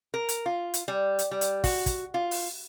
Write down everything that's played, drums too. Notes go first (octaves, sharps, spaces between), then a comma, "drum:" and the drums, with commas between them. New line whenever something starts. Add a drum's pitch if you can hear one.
A#4
drum: hi-hat
F4
drum: hi-hat
G3
drum: hi-hat
G3
drum: hi-hat
F#4, drum: kick, open hi-hat
drum: kick, hi-hat
F4
drum: open hi-hat